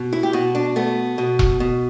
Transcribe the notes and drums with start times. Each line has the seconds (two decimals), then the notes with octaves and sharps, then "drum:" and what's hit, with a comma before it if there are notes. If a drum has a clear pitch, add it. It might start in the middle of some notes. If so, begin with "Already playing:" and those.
Already playing: B2
0.13 E4
0.23 G4
0.33 B2 F#4
0.55 D4
0.76 A3 B3
1.18 B2
1.39 drum: kick E1
1.60 B2